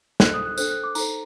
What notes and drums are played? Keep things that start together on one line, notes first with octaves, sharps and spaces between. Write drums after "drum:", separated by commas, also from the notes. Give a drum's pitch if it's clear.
D4 A4 C5 F#6, drum: snare
D#6
F#6
D4 A4 C5 F#6, drum: tambourine
F#6
D6
D#4 A4 C5 A#5, drum: tambourine